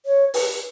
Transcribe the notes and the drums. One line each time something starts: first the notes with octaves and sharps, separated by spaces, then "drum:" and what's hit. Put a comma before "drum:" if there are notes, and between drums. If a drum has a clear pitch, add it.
C#5
B4, drum: open hi-hat